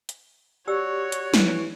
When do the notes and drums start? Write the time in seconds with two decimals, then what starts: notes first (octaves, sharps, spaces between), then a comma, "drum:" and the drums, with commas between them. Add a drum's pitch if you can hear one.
0.09 drum: hi-hat
0.67 F#4 G4 C#5 D5 E6
1.12 drum: hi-hat
1.34 E3, drum: snare